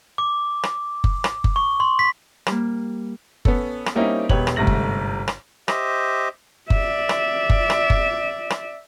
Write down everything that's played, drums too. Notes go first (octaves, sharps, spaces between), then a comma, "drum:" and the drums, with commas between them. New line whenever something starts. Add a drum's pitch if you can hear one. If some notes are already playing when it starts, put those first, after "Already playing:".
D6
drum: rim click
drum: kick F#1
drum: rim click
drum: kick F#1
C#6
C6
B6
G3 A#3, drum: rim click
B3 C#4 A4, drum: kick F#1
drum: rim click
G3 A#3 C4 C#4 D#4 E4
E1 B3 G4 B4 C#5 F#7, drum: kick F#1
drum: rim click
G1 G#2 C3 A3 A#6 F#7
drum: kick F#1
drum: rim click
G4 C5 D#5 E5, drum: rim click
D5 E5, drum: kick F#1
drum: rim click
drum: kick F#1
drum: rim click
drum: kick F#1
drum: rim click